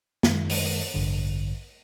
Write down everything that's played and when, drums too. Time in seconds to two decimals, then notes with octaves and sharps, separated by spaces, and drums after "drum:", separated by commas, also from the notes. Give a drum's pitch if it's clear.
0.23 F#2 D#3 G#3, drum: snare
0.50 drum: open hi-hat
0.94 A1 G2 D3